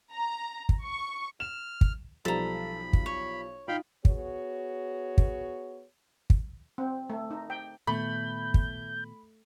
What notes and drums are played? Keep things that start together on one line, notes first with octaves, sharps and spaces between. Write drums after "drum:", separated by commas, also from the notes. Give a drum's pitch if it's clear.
A#5
drum: kick
C#6
F6 E7
drum: kick
B1 F3 G3 A4 A#5 B5
drum: kick
C#5
D#4 F4 F5 G5 B5
B3 F#4 G#4 C#5, drum: kick
drum: kick
drum: kick
C4
A3
D#4
G5
A#2 D#3 A3 B3 B5 G6
drum: kick